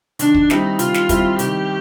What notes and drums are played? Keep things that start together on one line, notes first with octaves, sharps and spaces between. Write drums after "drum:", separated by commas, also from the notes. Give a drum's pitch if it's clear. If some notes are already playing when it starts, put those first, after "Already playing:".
D#3 D4, drum: hi-hat
drum: kick
G3 C4 D#4 E4, drum: snare
D#3 F4, drum: hi-hat
drum: snare
G3 C4 E4, drum: kick, hi-hat
D#3 G4, drum: hi-hat